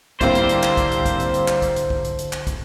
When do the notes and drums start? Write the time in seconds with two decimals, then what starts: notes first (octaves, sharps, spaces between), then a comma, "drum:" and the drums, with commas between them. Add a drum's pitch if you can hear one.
0.21 D3 G3 A#3 C4 E4 C5, drum: kick, hi-hat
0.35 drum: hi-hat
0.49 drum: hi-hat
0.63 drum: clap
0.77 drum: kick, hi-hat
0.91 drum: hi-hat
1.06 drum: kick, hi-hat
1.20 drum: hi-hat
1.34 drum: hi-hat
1.48 drum: clap
1.62 drum: kick, hi-hat
1.76 drum: hi-hat
1.90 drum: kick
2.04 drum: hi-hat
2.19 drum: hi-hat
2.33 drum: clap
2.47 drum: kick, hi-hat